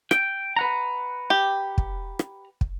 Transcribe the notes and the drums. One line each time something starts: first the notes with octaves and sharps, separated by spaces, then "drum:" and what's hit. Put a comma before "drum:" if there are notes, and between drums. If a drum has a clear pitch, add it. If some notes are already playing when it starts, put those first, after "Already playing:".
G5, drum: rim click
B4 F#5 A#5
G4
drum: kick
drum: rim click
drum: kick